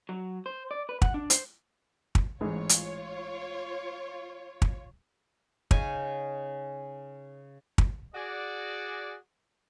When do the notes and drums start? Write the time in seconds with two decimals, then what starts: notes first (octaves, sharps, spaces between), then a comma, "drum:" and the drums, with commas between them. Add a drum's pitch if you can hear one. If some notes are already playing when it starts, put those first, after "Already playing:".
0.09 F#3
0.46 C5
0.71 D5
0.89 B4
1.02 F#5, drum: kick
1.14 D4
1.30 C5, drum: hi-hat
2.15 drum: kick
2.41 A1 G#2 F4 G#4 C#5
2.69 drum: hi-hat
4.62 drum: kick
5.71 C#3 C#4 D#4 G#5, drum: kick
7.78 drum: kick
8.14 F#4 G#4 D5